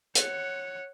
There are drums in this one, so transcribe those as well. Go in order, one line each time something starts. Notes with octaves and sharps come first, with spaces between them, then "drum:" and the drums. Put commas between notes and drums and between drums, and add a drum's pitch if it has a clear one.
C#5 F#5, drum: hi-hat